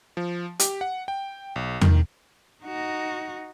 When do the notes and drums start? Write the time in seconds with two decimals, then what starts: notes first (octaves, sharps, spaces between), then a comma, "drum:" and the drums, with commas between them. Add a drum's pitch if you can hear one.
0.17 F3
0.60 G4, drum: hi-hat
0.81 F#5
1.08 G5
1.56 B1
1.81 D#3, drum: tom E2
2.64 D#4 F#4